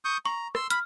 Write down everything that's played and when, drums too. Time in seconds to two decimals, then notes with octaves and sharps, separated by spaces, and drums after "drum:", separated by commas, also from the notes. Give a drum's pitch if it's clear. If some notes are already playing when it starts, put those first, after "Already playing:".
0.05 C#6 D#6 G6
0.25 A#5 C#6
0.55 C6 E6, drum: rim click
0.70 B5 F6, drum: hi-hat